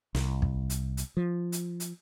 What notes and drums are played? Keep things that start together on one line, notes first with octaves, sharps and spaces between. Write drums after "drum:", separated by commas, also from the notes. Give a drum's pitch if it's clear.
C2, drum: snare
drum: kick
drum: hi-hat
drum: hi-hat
F3
drum: hi-hat
drum: hi-hat